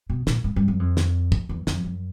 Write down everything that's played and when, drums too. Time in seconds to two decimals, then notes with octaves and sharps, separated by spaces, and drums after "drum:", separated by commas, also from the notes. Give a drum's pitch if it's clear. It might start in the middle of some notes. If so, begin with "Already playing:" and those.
0.10 B2
0.27 A#2, drum: snare
0.44 G#2
0.56 G2
0.68 F#2
0.79 F2
0.97 drum: snare
1.32 drum: kick
1.49 E2
1.67 F2, drum: snare
1.84 F#2